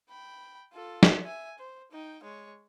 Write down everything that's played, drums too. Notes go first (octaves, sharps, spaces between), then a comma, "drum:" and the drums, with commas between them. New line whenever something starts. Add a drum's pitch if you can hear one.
G5 B5
F4 A4
drum: snare
E5 G#5
C5
D#4 G5
G#3 C#5